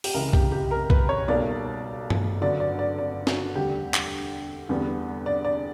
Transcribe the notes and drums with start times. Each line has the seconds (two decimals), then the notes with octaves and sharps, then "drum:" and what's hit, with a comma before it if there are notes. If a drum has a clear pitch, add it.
0.04 G4, drum: open hi-hat
0.14 C#2 C#3 E3 A#4
0.33 G4, drum: kick B1
0.52 G4
0.71 A#4
0.90 B4, drum: kick B1
1.09 C#5
1.28 B1 B2 G3 A#3 D5
2.10 drum: tom G2
2.41 G1 G2 D3 F#3 D5
2.60 D5
2.79 D5
2.98 D5
3.27 F#4, drum: snare
3.55 E1 D2 D3 G3 G4
3.94 drum: clap
4.69 E2 D3 G3 B3
5.26 D5
5.45 D5